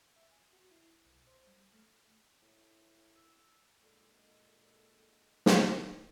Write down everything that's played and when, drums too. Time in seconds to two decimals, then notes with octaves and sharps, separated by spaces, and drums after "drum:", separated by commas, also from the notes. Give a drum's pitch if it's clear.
0.16 E5
0.31 G#5
0.53 F#4
0.71 E4
1.05 B1
1.27 C5
1.47 G3
1.73 A3
2.42 A2
3.14 E6
3.82 A#2 D3 G#3 A4
5.46 drum: snare